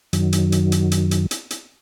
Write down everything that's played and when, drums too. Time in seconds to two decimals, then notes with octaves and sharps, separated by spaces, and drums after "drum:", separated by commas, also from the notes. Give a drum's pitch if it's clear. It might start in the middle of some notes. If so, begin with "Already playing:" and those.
0.13 F#2 D#3 F#3, drum: hi-hat
0.33 drum: hi-hat
0.52 drum: hi-hat
0.72 drum: hi-hat
0.92 drum: hi-hat
1.11 drum: hi-hat
1.31 drum: hi-hat
1.50 drum: hi-hat